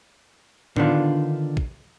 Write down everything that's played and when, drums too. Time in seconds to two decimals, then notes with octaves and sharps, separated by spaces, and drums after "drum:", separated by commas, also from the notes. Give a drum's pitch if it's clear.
0.76 D3 D#3 B3 D4 F4, drum: tom A2
1.57 drum: kick